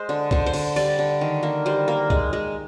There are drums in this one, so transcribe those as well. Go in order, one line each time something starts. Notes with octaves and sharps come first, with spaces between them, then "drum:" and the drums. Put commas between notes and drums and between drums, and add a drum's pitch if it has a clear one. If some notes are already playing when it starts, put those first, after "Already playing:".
Already playing: G#3 C5
D3
D3 C5, drum: kick C2
C5
D3, drum: cymbal
G3 D5, drum: cymbal
D3
D#3
A#3
G3 C5
A#3
G#3, drum: kick C2
G#3